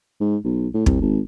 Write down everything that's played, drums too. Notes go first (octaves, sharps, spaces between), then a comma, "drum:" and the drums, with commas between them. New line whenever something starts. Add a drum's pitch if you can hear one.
G#2
B1
A2
C2, drum: kick
G#1